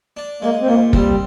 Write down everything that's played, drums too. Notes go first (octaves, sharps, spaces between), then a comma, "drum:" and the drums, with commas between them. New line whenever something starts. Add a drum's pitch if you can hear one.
D4
G#3 A#3
C4
A#2 A#3
G3 C4, drum: kick